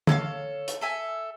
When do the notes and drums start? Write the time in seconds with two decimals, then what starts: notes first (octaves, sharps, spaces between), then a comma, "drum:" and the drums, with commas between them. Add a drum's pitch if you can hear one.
0.07 A4 C#5 D#5 F5, drum: tom
0.68 drum: hi-hat
0.81 A4 E5 G#5